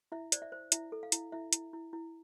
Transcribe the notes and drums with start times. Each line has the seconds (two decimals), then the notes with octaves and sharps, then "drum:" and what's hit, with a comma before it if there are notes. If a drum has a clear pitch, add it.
0.12 E4 E5
0.32 C5 D5, drum: hi-hat
0.42 E5
0.52 C5
0.72 E4 E5, drum: hi-hat
0.92 A4
1.03 F5
1.12 E4, drum: hi-hat
1.32 E4 E5
1.53 E4, drum: hi-hat
1.73 E4
1.93 E4